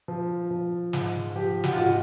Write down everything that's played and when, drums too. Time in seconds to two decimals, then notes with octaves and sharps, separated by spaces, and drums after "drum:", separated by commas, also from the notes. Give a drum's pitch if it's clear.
0.08 F3
0.51 F3
0.93 G#2, drum: snare
1.36 F3 G4
1.64 F#4, drum: snare
1.73 F4
1.77 G#2 F#4